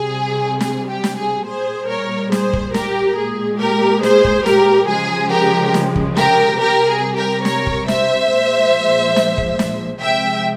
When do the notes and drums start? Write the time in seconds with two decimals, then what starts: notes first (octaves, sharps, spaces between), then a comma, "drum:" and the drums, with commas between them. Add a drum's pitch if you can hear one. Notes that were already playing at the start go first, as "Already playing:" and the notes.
Already playing: C3 G3 G#4
0.61 G#4, drum: snare
0.89 G4
1.04 drum: snare
1.18 G#4
1.46 A#2 G3 G#4 C5
1.89 A#4 C#5
2.32 G#4 C5, drum: snare
2.53 drum: kick
2.74 G4 A#4, drum: snare
3.17 A#2 G#3 G#4
3.60 G4 A#4
4.03 G#4 C5, drum: snare
4.24 drum: kick
4.46 G4 A#4, drum: snare
4.88 C#3 F3 G#3 G#4
5.31 G4 A#4
5.74 drum: snare
5.96 drum: kick
6.17 G4 A#4, drum: snare
6.59 C3 G3 G4 A#4
6.88 G#4
7.16 G4 A#4
7.45 A#4 C#5, drum: snare
7.67 drum: kick
7.88 C5 E5, drum: snare
8.31 A#2 F3 G#3
9.16 drum: snare
9.38 drum: kick
9.59 drum: snare
10.02 C3 F3 G#3 E5 G5